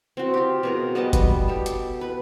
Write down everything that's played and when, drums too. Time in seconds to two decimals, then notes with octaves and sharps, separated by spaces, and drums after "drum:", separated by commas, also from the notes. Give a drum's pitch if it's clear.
0.17 C4 F#4
0.34 F4 G4
0.63 B2 G#4 A#4
0.95 G3 B3 D#5 A5
1.13 drum: kick, hi-hat
1.48 G4 A4
1.66 drum: hi-hat
2.01 B4